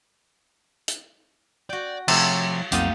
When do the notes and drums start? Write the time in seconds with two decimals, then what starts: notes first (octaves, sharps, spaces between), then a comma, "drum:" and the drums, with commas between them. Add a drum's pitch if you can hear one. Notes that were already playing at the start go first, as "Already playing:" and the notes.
0.88 drum: hi-hat
1.70 F#4 D5 G5
2.08 C3 F3 A3 C#5 A5, drum: cymbal
2.72 B1 F2 A3 A#3 D#4 F4 G4 F#5, drum: hi-hat